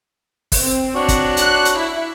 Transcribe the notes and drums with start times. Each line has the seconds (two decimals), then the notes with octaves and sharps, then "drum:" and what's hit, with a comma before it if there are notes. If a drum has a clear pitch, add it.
0.52 drum: kick, open hi-hat
0.61 C4
0.95 D4 F#4 C#5
1.08 drum: kick, hi-hat
1.37 F#6, drum: hi-hat
1.65 drum: hi-hat
1.79 E4